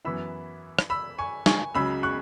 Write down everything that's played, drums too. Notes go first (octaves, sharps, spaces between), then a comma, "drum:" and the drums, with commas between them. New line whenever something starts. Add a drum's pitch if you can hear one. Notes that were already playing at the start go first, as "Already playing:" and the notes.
F#2 E3 B3 E4 B5 E6
drum: rim click
B5 E6
G#5 C#6
G#5 C#6, drum: snare
C#2 C#3 F#3 B5 E6
C#6 F#6